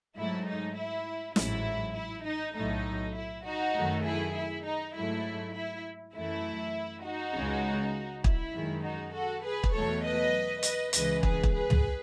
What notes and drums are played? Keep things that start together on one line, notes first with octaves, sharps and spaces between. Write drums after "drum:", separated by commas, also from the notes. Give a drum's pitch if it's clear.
G#2 F#3 A3 E4
D#4
E4
A1 G#2 F#3 E4, drum: snare
E4
D#4
B1 A2 F#3 A3 D#4
E4
D#4 F#4
F#2 D#3 F#3 A3
E4 G#4
E4
D#4
G#2 F#3 A3 E4
E4
F#2 E3 A3 E4
D#4 F#4
C#2 C#3 G#3
E4, drum: kick
F#2 D#3 G#3
D#4 F#4
F#4 A4
G#4 B4
drum: kick
E2 B2 F#3 A3 A4 C#5
B4 D#5
B4 D#5, drum: hi-hat
C#2 C#3 E3 G#3 B4 D#5, drum: hi-hat
G#4 B4, drum: kick
drum: kick
G#4 B4
drum: tom